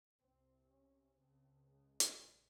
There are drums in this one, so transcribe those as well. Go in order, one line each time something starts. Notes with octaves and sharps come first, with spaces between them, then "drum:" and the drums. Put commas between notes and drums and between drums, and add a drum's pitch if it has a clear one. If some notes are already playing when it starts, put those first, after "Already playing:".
C2 C3 C4
C#4
C#2 C#3 C4
G#3
drum: hi-hat
A#1